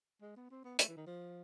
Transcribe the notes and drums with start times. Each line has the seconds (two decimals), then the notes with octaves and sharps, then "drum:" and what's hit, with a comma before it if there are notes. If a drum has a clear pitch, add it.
0.22 G#3
0.36 B3
0.51 C4
0.64 B3
0.79 A3, drum: hi-hat
0.88 E3
0.97 D#3
1.07 F3